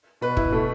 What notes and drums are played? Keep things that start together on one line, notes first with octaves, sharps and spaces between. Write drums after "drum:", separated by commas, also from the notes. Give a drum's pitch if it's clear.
B2 B4
E4, drum: kick
B2 A3